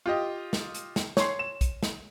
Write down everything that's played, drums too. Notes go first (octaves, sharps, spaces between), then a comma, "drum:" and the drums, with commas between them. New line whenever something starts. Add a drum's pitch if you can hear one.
F4 G4 D#5
drum: snare
drum: hi-hat
drum: snare
C#5 C6, drum: snare
E7
drum: kick, hi-hat
drum: snare